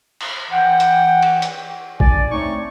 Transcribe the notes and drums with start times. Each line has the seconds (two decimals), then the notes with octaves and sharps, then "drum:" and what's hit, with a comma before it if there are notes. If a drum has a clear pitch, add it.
0.21 drum: cymbal
0.52 E3 F#5 G5
0.80 drum: hi-hat
1.22 drum: cymbal
1.42 drum: hi-hat
2.00 D4 D5 G#5, drum: kick A#1
2.31 A3 C4 D#4 C#5 D5 C#6